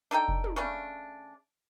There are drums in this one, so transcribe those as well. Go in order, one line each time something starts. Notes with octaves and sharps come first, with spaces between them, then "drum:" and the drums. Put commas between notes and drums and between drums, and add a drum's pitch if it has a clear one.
D4 D#4 A4 G5
drum: kick F1
drum: tom
C#3 A3 C#4 D4